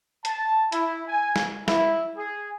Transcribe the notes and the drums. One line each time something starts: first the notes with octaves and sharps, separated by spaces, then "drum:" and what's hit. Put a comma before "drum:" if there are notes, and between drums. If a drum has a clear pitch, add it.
A5, drum: hi-hat
E4, drum: hi-hat
G#5
drum: snare
E4, drum: snare
G#4